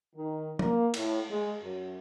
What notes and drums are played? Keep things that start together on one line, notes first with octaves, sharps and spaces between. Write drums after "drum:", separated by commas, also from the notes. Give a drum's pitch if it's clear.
D#3
A#3, drum: tom
A2, drum: cymbal
G#3
F#2